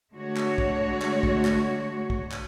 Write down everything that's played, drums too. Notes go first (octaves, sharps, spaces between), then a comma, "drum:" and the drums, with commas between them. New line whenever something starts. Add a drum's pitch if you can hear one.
D3 G#3 A3 F#4 C#5
drum: clap
drum: kick
drum: clap
drum: kick
drum: clap
drum: kick
drum: clap